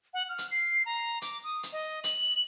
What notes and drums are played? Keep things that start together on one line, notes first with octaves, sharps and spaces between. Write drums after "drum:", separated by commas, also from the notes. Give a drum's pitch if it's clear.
F#5
F6
drum: hi-hat
C7
A#5
D6, drum: hi-hat
D#6
drum: hi-hat
D#5
F#7, drum: hi-hat